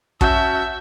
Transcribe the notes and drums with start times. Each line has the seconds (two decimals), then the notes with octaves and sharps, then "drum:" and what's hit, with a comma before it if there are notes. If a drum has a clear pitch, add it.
0.21 C#4 F#4 E5 F#5 A5 G6, drum: kick